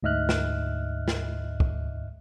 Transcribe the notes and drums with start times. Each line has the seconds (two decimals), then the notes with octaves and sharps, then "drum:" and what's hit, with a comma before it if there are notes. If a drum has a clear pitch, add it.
0.03 D2 G#2 D#5 E5 F6 F#6
0.29 drum: snare
1.08 drum: snare
1.60 drum: kick